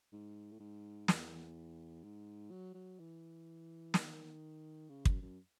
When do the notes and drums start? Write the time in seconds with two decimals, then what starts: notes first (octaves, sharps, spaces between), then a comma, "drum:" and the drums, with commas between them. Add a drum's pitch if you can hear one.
0.12 G#2
0.52 A2
0.60 G#2
1.08 E2, drum: snare
2.03 G#2
2.51 F#3
2.74 F#3
2.99 E3
3.94 D#3, drum: snare
4.89 C#3
5.05 F#2, drum: kick
5.22 F#2